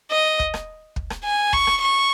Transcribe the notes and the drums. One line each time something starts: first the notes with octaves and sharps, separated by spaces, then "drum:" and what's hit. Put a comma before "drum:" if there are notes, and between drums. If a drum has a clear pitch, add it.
D#5
drum: kick
drum: rim click
drum: kick
drum: rim click
G#5
C#6, drum: kick
drum: rim click
C#6